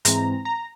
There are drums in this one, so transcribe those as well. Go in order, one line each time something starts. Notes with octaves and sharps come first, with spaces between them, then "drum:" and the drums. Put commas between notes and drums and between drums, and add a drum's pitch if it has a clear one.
G#2 E3 G#3 C4 A#5, drum: hi-hat
A#5